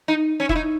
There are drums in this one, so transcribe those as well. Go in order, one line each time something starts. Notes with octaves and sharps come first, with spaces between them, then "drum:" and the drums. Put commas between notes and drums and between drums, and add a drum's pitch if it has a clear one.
D#4
C#4
E4, drum: kick F1
D#4